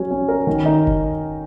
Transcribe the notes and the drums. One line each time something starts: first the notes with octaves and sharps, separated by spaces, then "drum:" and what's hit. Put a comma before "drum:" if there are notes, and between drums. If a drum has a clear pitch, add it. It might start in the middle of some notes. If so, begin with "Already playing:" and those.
Already playing: F#3 C#4
C#4
A#4
D#3
D#4
drum: kick F#1